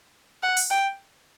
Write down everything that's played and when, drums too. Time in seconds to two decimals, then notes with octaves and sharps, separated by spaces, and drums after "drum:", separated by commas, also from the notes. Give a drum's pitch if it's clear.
0.43 F#5
0.57 drum: open hi-hat
0.70 G5